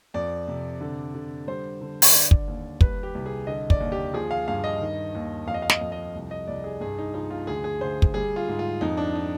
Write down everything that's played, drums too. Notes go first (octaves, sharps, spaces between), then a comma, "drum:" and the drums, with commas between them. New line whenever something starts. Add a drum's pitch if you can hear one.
F2 D5
C3
D3
D3
G3 C5
D3
drum: open hi-hat
D3 D5
drum: kick
D#2
G3 B4, drum: kick
G4
C2
G#4
D3 D#5
D5, drum: kick
D#2
G4
F3 G#4
F5
G2 F5
D#5
D#3
D#2
F2 F5
D#5
F5
D#5, drum: snare
F2
D#5
C2
D#5
C2 D5
G#4
G2 G#4
D#4
F3 D#4
F4
D2 G#4
G#4
D2 C5
drum: kick
G3 G#4
F4
G#2
F4
F2 D#4
D4
D#4